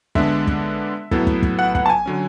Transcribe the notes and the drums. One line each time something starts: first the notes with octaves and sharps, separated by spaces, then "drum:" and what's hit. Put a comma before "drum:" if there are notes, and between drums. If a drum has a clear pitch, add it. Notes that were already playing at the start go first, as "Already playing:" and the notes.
D3 G#3 B3 D4 E5, drum: kick
drum: kick
A2 F#3 B3 E4 A4, drum: kick
drum: kick
drum: kick
F#5
F#5, drum: kick
A5
G#5
D3 F#3 C#4